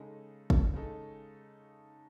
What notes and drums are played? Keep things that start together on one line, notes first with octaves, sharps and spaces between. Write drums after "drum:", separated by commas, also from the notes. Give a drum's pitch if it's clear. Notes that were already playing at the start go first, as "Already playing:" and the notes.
Already playing: C#3 G#3 D#4 A4
drum: kick
C#3 G#3 D#4 A4